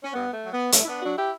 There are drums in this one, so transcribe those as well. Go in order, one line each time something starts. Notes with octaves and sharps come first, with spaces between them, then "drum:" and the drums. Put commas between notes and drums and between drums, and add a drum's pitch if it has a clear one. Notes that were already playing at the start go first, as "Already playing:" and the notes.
C#4
G2 B3
A3
F#3
B3
G2 A3 C#4, drum: hi-hat
E4
B3 D4
F#3 D4 F#4
E4 G4